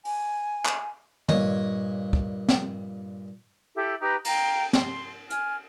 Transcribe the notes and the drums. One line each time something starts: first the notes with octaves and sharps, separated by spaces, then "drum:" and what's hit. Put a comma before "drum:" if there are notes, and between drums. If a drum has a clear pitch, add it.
G#5, drum: open hi-hat
drum: clap
G2 A#2 C#5 D#5 D#6, drum: tom
drum: kick
drum: snare
E4 G4 A4
D#4 G4 B4 A#5
F5 G5 A#5, drum: cymbal
C6, drum: snare
G#5 F6, drum: hi-hat